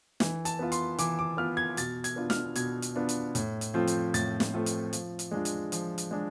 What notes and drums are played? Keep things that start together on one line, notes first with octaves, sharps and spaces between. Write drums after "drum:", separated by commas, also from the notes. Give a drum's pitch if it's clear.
E3, drum: snare
A5, drum: hi-hat
B3 F4
C6, drum: hi-hat
E3 D6, drum: hi-hat
D6
B3 F4 F6
G#6
B2 A6, drum: hi-hat
G#6, drum: hi-hat
B3 D4 F4
F6, drum: snare
B2 G#6, drum: hi-hat
drum: hi-hat
B3 D4 F4
drum: hi-hat
A2, drum: hi-hat
drum: hi-hat
F3 A3 C4 F4
drum: hi-hat
A2 A6, drum: hi-hat
drum: snare
F3 A3 C4 F4
drum: hi-hat
F3, drum: hi-hat
drum: hi-hat
G#3 D4 F4
drum: hi-hat
F3, drum: hi-hat
drum: hi-hat
G#3 D4